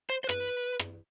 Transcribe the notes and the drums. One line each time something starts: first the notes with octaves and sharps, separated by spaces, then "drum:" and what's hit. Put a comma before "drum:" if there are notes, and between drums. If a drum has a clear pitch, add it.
C5
C5
B4, drum: rim click
drum: rim click